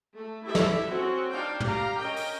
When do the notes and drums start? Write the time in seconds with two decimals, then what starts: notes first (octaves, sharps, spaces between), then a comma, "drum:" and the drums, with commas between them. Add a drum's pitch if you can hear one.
0.15 A3
0.46 E4 G4 A4 E5
0.55 drum: snare
0.88 C4 C#4 F#4
1.30 D4 D#4 F5 G5
1.60 G4 F5 A#5, drum: tom
1.98 C#4 A#4 D#5 G5
2.16 drum: open hi-hat